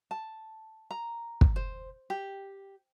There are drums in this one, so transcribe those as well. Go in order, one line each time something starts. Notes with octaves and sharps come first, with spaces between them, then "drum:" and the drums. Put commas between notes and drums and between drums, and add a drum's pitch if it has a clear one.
A5
A#5
drum: kick
C5
G4